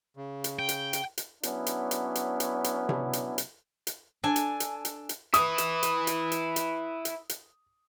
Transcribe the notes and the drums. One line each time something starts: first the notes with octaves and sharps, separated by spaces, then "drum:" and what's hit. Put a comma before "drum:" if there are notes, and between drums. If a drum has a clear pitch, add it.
C#3
drum: hi-hat
G5
drum: hi-hat
drum: hi-hat
drum: hi-hat
F#3 B3 C#4 D4 E4, drum: hi-hat
drum: hi-hat
drum: hi-hat
drum: hi-hat
drum: hi-hat
drum: hi-hat
drum: tom C3
drum: hi-hat
drum: hi-hat
drum: hi-hat
D4 A4 G#5
drum: hi-hat
drum: hi-hat
drum: hi-hat
drum: hi-hat
E4 B4 D#6, drum: hi-hat
drum: hi-hat
drum: hi-hat
drum: hi-hat
drum: hi-hat
drum: hi-hat
drum: hi-hat
drum: hi-hat